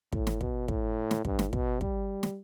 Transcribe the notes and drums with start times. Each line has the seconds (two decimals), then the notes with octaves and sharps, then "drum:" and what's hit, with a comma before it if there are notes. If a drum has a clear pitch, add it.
0.12 A2, drum: kick
0.27 drum: snare
0.41 B2, drum: kick
0.68 A2, drum: kick
1.11 drum: snare
1.25 G2, drum: kick
1.39 drum: snare
1.53 B2, drum: kick
1.81 G3, drum: kick
2.23 drum: snare